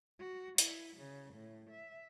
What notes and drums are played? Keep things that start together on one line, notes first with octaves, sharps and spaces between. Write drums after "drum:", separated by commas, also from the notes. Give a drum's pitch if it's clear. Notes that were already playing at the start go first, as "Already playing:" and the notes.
F#4
E4, drum: hi-hat
C#3
A2
E5